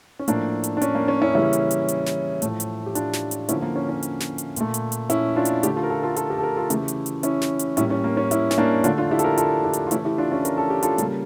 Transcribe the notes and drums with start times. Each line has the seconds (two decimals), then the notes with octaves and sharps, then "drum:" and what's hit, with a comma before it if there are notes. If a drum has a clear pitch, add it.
0.19 C#4
0.28 A2 F3 A3 A#3 D4, drum: hi-hat
0.64 drum: hi-hat
0.77 D4
0.81 C#4, drum: hi-hat
0.95 A#3
1.08 C#4
1.22 C#4 E4
1.35 C#3 E3 G3 A#3 C#4 E4
1.53 drum: hi-hat
1.71 drum: hi-hat
1.88 drum: hi-hat
2.06 drum: snare
2.42 A2 F3 A3, drum: hi-hat
2.60 drum: hi-hat
2.86 G4
2.95 D4 F4, drum: hi-hat
3.13 drum: snare
3.31 drum: hi-hat
3.49 D3 F3 A#3 C#4 E4, drum: hi-hat
3.62 A#3
3.76 C#4
3.89 C#4
4.03 drum: hi-hat
4.20 drum: snare
4.38 drum: hi-hat
4.56 A#2 A3, drum: hi-hat
4.74 drum: hi-hat
4.92 drum: hi-hat
5.10 C#4 E4, drum: hi-hat
5.36 D4 F4
5.45 drum: hi-hat
5.63 D3 A3 E4 G4, drum: hi-hat
5.76 F4 A4
5.83 A#4
5.90 F4 A4
6.03 F4 A4
6.16 F4 A4, drum: hi-hat
6.30 G4 A#4
6.38 A4
6.43 G4 A#4
6.57 F4 A4
6.70 C#3 E3 A3 E4 G4, drum: hi-hat
6.88 drum: hi-hat
7.06 drum: hi-hat
7.23 C#4 E4, drum: hi-hat
7.41 drum: snare
7.59 drum: hi-hat
7.77 A2 G3 A#3 C#4 E4, drum: hi-hat
7.90 C#4
8.04 A#3
8.17 C#4
8.31 C#4 E4, drum: hi-hat
8.51 C#4, drum: snare
8.58 A#3 D4
8.84 D3 A3 D4 F4, drum: hi-hat
8.98 D4 F4
9.11 E4 G4
9.19 A4, drum: hi-hat
9.24 G4 A#4
9.38 F4 A4, drum: hi-hat
9.64 E4 G4
9.73 drum: hi-hat
9.87 F4
9.91 C#3 E3 A3 C#4 E4, drum: hi-hat
10.05 E4 G4
10.18 D4 F4
10.32 C#4 E4
10.45 A#4, drum: hi-hat
10.58 A4
10.70 G4
10.83 F4 A4, drum: hi-hat
10.98 C#3 G3 A#3, drum: hi-hat